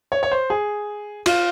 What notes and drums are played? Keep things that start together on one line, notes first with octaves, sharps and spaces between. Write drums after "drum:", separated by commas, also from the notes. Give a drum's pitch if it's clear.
C#5
C#5
C5
G#4
F4, drum: cymbal